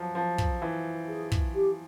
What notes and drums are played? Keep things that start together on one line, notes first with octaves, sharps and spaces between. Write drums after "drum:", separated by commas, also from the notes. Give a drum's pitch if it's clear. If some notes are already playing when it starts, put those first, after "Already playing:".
Already playing: F3 F#3
F3
drum: kick
E3
G#4
drum: kick
G4